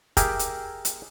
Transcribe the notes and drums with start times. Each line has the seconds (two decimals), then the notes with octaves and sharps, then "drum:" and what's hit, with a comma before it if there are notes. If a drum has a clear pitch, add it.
0.17 G4 G#4 A#4 E5 G5, drum: kick, hi-hat
0.39 drum: hi-hat
0.85 drum: hi-hat